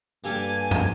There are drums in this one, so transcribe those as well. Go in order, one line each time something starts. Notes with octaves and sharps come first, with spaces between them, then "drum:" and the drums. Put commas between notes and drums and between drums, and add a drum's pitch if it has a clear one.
G2 A#3 G4 A4 G#5
drum: tom